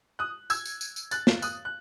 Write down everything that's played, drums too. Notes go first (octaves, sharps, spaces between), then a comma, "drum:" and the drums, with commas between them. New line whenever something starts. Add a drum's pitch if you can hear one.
D#6 F#6
E6 G#6, drum: tambourine
drum: tambourine
drum: tambourine
drum: tambourine
F#6 A6, drum: tambourine
drum: snare
D#6 F#6, drum: tambourine
F#6